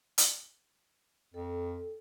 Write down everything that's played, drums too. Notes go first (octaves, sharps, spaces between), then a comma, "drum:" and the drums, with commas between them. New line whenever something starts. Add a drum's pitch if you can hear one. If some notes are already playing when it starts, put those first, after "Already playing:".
drum: hi-hat
F2 A4